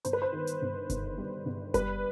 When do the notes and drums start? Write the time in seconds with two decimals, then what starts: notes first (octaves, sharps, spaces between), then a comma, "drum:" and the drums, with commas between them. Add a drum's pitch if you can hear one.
0.05 G1 C5, drum: hi-hat
0.13 B4
0.22 C5
0.33 D#3
0.47 drum: hi-hat
0.62 G1
0.90 G1, drum: kick F#1, hi-hat
1.18 G3
1.46 G1
1.74 G3 B4, drum: kick F#1, hi-hat